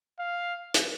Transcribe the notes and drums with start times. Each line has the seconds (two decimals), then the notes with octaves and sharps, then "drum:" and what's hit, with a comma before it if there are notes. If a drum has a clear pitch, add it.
0.19 F5
0.74 drum: hi-hat